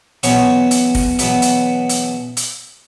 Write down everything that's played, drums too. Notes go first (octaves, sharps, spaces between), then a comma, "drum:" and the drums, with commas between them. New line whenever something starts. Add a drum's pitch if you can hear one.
E2 B2 F#3 B3 C#4 C#5, drum: hi-hat
drum: hi-hat
drum: kick, open hi-hat
E2 B2 F#3 B3, drum: hi-hat
drum: hi-hat
drum: hi-hat
drum: hi-hat